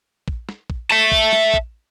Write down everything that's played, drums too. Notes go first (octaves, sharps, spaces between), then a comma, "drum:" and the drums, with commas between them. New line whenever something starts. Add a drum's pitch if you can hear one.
drum: kick
drum: snare
drum: kick
E5 A5
drum: kick
drum: snare
drum: kick